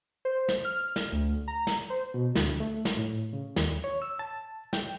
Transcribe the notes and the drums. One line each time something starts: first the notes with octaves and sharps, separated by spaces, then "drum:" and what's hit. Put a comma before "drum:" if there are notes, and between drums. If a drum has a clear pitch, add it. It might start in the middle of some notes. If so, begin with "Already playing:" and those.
C5
drum: snare
F6
drum: snare
D2
A#5
drum: snare
C5
B2
D2, drum: snare
A3
drum: snare
A2
C#3
D#2, drum: snare
C#5
E6
A5
G5, drum: snare